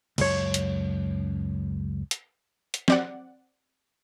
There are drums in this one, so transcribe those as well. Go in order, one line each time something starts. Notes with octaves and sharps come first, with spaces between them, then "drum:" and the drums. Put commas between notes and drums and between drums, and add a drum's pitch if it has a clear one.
C#2 F#2 C#5, drum: cymbal
drum: hi-hat
drum: hi-hat
drum: hi-hat
C4 D5 F#5, drum: snare